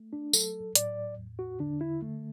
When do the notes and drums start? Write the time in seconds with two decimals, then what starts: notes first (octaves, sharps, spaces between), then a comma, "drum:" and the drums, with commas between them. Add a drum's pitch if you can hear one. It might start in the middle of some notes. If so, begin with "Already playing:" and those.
Already playing: A3
0.13 D4
0.33 F#3 A4, drum: tambourine
0.75 A2 D5, drum: hi-hat
1.18 E2
1.39 F#4
1.60 D3 D4
1.81 E4
2.02 A3